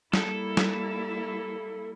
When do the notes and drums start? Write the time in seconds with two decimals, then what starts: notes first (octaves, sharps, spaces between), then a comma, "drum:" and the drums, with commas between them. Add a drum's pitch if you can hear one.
0.13 G3 A#3 E4 A4, drum: snare
0.57 drum: snare